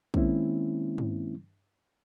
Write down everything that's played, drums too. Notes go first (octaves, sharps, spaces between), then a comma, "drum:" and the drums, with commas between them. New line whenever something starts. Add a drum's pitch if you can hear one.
D#3 G#3 A#3 C4 C#4 E4, drum: kick
drum: tom